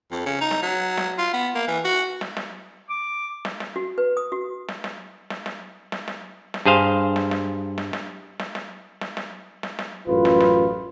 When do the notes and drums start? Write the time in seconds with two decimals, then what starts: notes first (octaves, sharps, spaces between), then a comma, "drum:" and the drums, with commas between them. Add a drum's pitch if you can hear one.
0.11 F2
0.26 C#3
0.41 D#4
0.51 drum: snare
0.63 F#3
0.97 drum: snare
1.18 F4
1.33 B3
1.55 A#3
1.68 E3
1.84 F#4
2.21 drum: snare
2.37 drum: snare
2.89 D6
3.45 drum: snare
3.60 drum: snare
3.76 F#4
3.98 B4
4.17 D#6
4.32 F#4
4.68 drum: snare
4.84 drum: snare
5.30 drum: snare
5.46 drum: snare
5.92 drum: snare
6.08 drum: snare
6.54 drum: snare
6.65 G2 G#4 C5 F5
7.16 drum: snare
7.31 drum: snare
7.78 drum: snare
7.93 drum: snare
8.39 drum: snare
8.55 drum: snare
9.01 drum: snare
9.17 drum: snare
9.63 drum: snare
9.79 drum: snare
10.07 A1 F#2 F4 B4
10.25 drum: snare
10.40 drum: snare